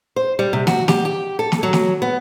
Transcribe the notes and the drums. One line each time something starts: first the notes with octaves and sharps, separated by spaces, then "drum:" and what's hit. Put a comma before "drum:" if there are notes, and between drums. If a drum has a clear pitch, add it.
C5
G3
C3
F#4, drum: snare
G4, drum: snare
G4
A4
drum: snare
F#3
drum: snare
B3